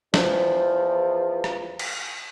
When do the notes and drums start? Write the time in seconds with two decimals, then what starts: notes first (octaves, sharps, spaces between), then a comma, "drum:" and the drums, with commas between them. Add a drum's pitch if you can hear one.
0.14 E2 F3, drum: snare
1.44 drum: rim click
1.79 drum: cymbal